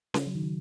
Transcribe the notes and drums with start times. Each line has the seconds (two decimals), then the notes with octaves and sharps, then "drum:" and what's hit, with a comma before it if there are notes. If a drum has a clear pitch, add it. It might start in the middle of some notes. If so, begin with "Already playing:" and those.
0.14 C#3, drum: snare C#4
0.27 F#3
0.35 D#3
0.42 C#3